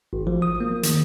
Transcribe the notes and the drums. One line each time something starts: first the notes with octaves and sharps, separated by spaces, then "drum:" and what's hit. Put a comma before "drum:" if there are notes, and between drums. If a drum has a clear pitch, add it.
G#1
F3
D#6
A#3
D#3, drum: hi-hat